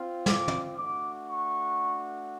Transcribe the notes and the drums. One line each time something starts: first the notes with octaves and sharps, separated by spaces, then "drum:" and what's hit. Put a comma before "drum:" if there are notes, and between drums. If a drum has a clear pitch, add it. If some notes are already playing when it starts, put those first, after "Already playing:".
Already playing: C4 F4
D6, drum: snare
drum: tom
A3 D4 F#4 D6
C#6